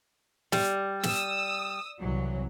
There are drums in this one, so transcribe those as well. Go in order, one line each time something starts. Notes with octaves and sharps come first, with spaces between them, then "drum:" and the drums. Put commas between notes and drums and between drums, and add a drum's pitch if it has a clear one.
G3, drum: snare
D#6 E6, drum: snare
C2 E3 F#3